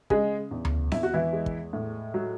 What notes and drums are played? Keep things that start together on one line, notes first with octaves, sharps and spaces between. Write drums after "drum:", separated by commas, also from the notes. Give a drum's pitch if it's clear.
C#3 G#3 G#4, drum: kick
E2
drum: tom D2
E2 E4, drum: snare C4
F#4
E3 E4
G#3
drum: kick
A2
F#3